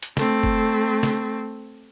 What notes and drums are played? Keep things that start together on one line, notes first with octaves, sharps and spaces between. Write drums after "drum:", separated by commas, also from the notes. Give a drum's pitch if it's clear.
drum: hi-hat
A3 C4, drum: snare
drum: kick
drum: snare